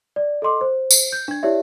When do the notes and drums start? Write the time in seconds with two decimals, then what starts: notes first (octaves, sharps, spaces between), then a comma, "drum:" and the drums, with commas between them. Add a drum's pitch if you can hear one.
0.16 D5
0.42 A4 D#5 C6 D6
0.61 C5
0.91 drum: tambourine
1.12 G6
1.28 D4 G#6
1.43 E4 G4 C#5 D5 E5